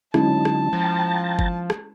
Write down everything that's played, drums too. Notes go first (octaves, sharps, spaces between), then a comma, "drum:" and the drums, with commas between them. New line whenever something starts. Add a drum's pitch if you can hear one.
D3 F#3 G#3 C#4 D#4 E4 A5, drum: rim click
drum: rim click
F3 G5 A#5 A6
drum: kick G1
drum: rim click